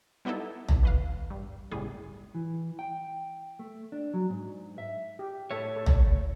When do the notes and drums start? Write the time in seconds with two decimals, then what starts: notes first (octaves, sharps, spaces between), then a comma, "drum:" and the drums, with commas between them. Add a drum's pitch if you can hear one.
0.25 G3 B3 D#4 E4 A4
0.69 drum: tom
0.83 E3 B4 F5
1.30 G2
1.71 G1 C#2 A2 C#3 G3 G#4
2.35 E3
2.79 G5
3.59 A3
3.92 D4
4.14 F#3
4.30 G#2
4.78 E5
5.19 G4
5.51 A2 A4 C#5 E5
5.76 A4
5.86 drum: tom